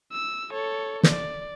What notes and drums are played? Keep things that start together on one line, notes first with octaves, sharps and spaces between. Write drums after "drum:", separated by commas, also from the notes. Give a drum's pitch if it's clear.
E6
A4 C#5
D5, drum: snare